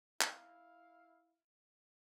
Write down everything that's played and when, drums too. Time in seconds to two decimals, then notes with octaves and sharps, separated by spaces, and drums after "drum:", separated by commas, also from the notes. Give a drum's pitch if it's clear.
0.21 E4 F5, drum: clap